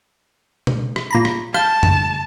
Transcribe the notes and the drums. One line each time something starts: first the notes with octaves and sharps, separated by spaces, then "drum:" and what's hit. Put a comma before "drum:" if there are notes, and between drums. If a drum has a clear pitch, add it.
drum: tom B2
drum: rim click
A#2 A#5 B5
drum: rim click
F5 A5 G6, drum: rim click
drum: tom